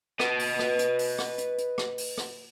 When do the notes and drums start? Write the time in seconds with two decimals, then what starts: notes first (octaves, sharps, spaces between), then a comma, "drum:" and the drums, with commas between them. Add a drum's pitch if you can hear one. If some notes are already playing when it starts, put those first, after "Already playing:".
0.20 B4 D#5, drum: rim click
0.39 drum: open hi-hat
0.59 drum: rim click
0.79 drum: hi-hat
0.99 drum: open hi-hat
1.19 drum: rim click
1.38 drum: hi-hat
1.58 drum: hi-hat
1.78 drum: rim click
1.98 drum: open hi-hat
2.18 drum: rim click